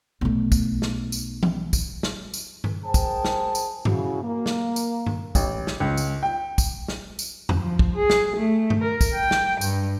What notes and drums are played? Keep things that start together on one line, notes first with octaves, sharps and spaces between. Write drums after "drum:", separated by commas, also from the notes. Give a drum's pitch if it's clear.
B1 A3
drum: kick, tambourine
drum: snare
drum: tambourine
drum: tom E3
drum: kick, tambourine
drum: snare
drum: tambourine
drum: tom G2
G#4 A#4 C5 G5 A5
drum: kick, tambourine
drum: snare
drum: tambourine
C#3 E4 F#4, drum: tom G2
A#3
drum: snare
drum: tambourine
drum: tom G2
A1, drum: kick, tambourine
drum: snare
C#2
drum: tambourine
G5
drum: kick, tambourine
drum: snare
drum: tambourine
drum: tom E2
F3
drum: kick
G#4
drum: snare
A3
drum: tom G2
A#4
drum: kick, tambourine
G5
drum: snare
G2, drum: tambourine